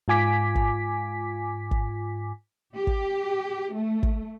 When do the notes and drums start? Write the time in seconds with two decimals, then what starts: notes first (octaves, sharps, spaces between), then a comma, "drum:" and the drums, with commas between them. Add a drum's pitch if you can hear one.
0.08 G#2 F4 G#5 D6 B6
0.55 drum: kick
1.71 drum: kick
2.76 G4
2.87 drum: kick
3.74 A3
4.03 drum: kick